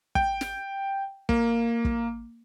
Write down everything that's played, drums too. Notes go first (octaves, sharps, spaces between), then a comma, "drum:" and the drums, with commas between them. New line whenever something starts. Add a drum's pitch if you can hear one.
G5, drum: kick
drum: snare
A#3, drum: kick
drum: kick